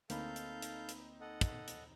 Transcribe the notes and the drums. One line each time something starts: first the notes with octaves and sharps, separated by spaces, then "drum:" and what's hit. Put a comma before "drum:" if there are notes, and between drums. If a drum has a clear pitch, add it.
D2 A#3 C4 D#4 A4 F5 B5 G6, drum: hi-hat
drum: hi-hat
drum: hi-hat
drum: hi-hat
A4 D#5 F#5
drum: kick, hi-hat
drum: hi-hat